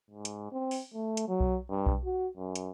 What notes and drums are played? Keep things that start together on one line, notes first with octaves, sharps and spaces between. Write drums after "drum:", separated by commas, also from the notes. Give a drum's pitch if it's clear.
G#2
drum: hi-hat
C4
drum: open hi-hat
A3
drum: hi-hat
F#3
drum: kick B1
G2
drum: kick B1
F#4
F#2
drum: hi-hat